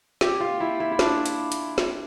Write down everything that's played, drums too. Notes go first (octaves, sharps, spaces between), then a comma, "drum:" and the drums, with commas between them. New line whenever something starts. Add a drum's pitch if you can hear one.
G4, drum: snare
F4
E4
E4
E4
D4, drum: snare
drum: hi-hat
drum: hi-hat
drum: snare